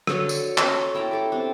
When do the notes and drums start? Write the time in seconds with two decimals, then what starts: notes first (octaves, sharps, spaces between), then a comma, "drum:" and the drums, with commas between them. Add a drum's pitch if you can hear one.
0.07 D3 F#4 A4 C#5, drum: rim click
0.29 C#6, drum: tambourine
0.58 C#4 A4 A#5 C6, drum: clap
0.95 E4 G5 A5 A#5
1.11 G4 A4 D6
1.32 C4 D4